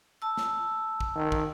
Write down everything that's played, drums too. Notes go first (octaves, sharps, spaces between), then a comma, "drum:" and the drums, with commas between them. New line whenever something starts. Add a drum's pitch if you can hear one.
A5 E6
drum: snare
drum: kick
D#3
drum: kick